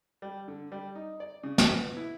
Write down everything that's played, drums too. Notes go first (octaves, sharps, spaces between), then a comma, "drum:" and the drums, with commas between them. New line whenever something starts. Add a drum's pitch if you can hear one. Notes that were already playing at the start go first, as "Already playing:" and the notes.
G3
D3
G3
D#4
D5
C#3
F#4, drum: snare
B3
E4